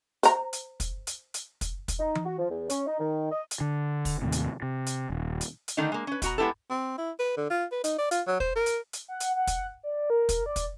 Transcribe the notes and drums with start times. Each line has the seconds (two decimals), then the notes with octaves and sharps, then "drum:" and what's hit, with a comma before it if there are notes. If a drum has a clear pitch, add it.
0.23 C5 A#5, drum: hi-hat
0.53 drum: hi-hat
0.80 drum: kick, hi-hat
1.07 drum: hi-hat
1.34 drum: hi-hat
1.61 drum: kick, hi-hat
1.88 drum: kick, hi-hat
2.00 D#4
2.15 drum: tom E3
2.26 F#4
2.39 F3
2.50 E2
2.70 C#4, drum: hi-hat
2.87 D#4
3.00 D#3
3.32 D#5
3.51 drum: hi-hat
3.61 D3
4.05 drum: kick, open hi-hat
4.22 D#2 A2 C3
4.32 drum: hi-hat
4.62 C3
4.86 drum: hi-hat
5.10 D#1
5.41 drum: hi-hat
5.68 drum: hi-hat
5.77 D3 D#3 A3 D#4
5.92 G#3 A#3
6.07 C#4 B4
6.22 B2 F#4 A#5, drum: kick, hi-hat
6.38 G#3 B3 E4 G4 A4
6.70 C4
6.98 E4
7.19 B4
7.37 D3
7.50 F4
7.72 B4
7.84 D#4, drum: hi-hat
7.99 D5
8.11 F4, drum: hi-hat
8.27 F#3
8.40 C5, drum: kick
8.56 A#4
8.66 drum: hi-hat
8.93 drum: hi-hat
9.08 F#5
9.20 drum: hi-hat
9.36 F#5
9.47 drum: kick, hi-hat
9.83 D5
10.10 A#4
10.29 drum: kick, hi-hat
10.46 D5
10.56 drum: kick, hi-hat